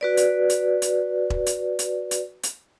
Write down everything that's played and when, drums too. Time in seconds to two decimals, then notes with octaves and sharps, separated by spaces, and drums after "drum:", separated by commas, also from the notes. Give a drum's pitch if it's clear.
0.01 F#4 B4 D5
0.17 drum: hi-hat
0.50 drum: hi-hat
0.82 drum: hi-hat
1.30 drum: kick E1
1.46 drum: hi-hat
1.79 drum: hi-hat
2.11 drum: hi-hat
2.43 drum: hi-hat